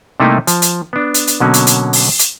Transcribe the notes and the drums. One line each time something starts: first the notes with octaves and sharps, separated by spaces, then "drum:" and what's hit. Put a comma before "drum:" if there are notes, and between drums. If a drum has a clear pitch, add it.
C3 G3 A3 A#3 D#4 E4
F3, drum: hi-hat
drum: hi-hat
B3 D4
drum: hi-hat
drum: hi-hat
B2 D3 F#3 A#3 C#4
drum: hi-hat
drum: hi-hat
drum: open hi-hat
drum: hi-hat